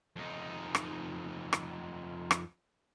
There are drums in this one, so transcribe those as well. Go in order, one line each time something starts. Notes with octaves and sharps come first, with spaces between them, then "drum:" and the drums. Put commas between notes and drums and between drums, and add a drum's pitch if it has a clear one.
F2 D#4
drum: rim click
drum: rim click
drum: rim click